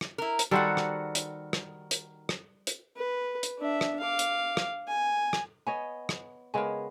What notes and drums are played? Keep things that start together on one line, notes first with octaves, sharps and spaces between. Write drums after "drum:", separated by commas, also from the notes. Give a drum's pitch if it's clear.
drum: rim click
E4 A#4
drum: hi-hat
D#3 G3 F#4 A4 C5 F#5
drum: rim click
drum: hi-hat
drum: rim click
drum: hi-hat
drum: rim click
drum: hi-hat
B4
drum: hi-hat
D4 E5
drum: rim click
F5 D6
drum: hi-hat
drum: rim click
G#5
drum: rim click
B3 C#5 D#5 G#5
drum: rim click
C#3 G#3 B3 A#4 G#5